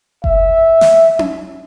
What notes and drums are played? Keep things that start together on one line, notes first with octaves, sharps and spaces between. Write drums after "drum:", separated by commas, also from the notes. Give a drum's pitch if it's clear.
E5, drum: kick F#1
drum: snare
drum: tom C#4